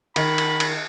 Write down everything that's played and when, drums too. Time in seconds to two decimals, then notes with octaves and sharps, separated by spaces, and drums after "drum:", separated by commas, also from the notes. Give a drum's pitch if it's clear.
0.16 D#3 B5, drum: cymbal
0.38 drum: cymbal
0.60 drum: cymbal